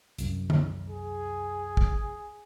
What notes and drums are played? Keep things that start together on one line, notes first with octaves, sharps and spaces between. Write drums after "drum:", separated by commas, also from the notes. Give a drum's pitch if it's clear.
C2 F#2, drum: hi-hat
drum: tom D3
G#4
drum: kick